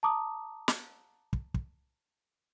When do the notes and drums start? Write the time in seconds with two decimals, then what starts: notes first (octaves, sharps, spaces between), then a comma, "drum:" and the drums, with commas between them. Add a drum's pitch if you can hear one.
0.03 A5 A#5 D6 D#6
0.68 drum: snare
1.33 drum: kick
1.54 drum: kick